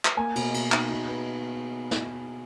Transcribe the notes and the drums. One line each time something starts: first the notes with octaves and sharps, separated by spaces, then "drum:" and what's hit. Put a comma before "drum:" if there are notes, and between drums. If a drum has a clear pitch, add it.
drum: clap
A#3 G#5
B2, drum: cymbal
B2, drum: cymbal
D#4, drum: clap
B2
B3
drum: snare